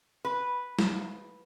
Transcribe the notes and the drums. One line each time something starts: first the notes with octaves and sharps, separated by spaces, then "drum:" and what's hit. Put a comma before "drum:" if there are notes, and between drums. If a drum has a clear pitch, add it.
B4
drum: snare